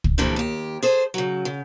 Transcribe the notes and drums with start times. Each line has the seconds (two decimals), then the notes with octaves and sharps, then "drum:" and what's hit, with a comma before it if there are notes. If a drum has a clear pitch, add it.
0.04 drum: kick
0.18 G2 A#2 D3 E3 F3 G3
0.36 D#2 G4
0.82 G#4 A4 C5
1.14 C#3 F#3
1.45 C#3